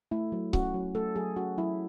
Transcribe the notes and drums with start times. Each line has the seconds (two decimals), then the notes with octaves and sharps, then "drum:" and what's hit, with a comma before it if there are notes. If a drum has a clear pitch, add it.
0.11 A3 E4
0.32 F#3
0.53 C#4 F#4, drum: kick C#1
0.74 F#3
0.95 A3 A4
1.16 F#3 G#4
1.36 C#4 F#4
1.57 F#3 E4